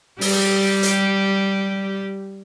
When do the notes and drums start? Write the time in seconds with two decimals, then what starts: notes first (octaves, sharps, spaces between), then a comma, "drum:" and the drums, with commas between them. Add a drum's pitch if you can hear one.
0.21 G3 G4, drum: open hi-hat
0.83 drum: hi-hat